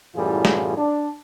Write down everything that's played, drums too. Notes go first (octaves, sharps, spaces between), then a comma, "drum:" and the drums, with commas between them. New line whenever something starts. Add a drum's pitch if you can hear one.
F#2 A2 E3 G3 F4 G#4
drum: snare
D4